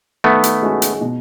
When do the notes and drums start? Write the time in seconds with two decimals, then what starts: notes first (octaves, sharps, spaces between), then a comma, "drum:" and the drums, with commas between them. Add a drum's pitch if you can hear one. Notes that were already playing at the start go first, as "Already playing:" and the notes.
0.24 D#3 A3 B3
0.44 drum: hi-hat
0.62 G#3 C#4 F#4
0.82 drum: hi-hat
1.01 B2